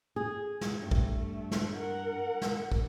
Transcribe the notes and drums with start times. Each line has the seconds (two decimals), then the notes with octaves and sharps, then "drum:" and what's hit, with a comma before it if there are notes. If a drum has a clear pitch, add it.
0.16 G#4
0.61 drum: snare
0.82 G2 A3
0.91 drum: kick
1.51 drum: snare
1.75 A#4 F#5
2.42 drum: snare
2.72 drum: kick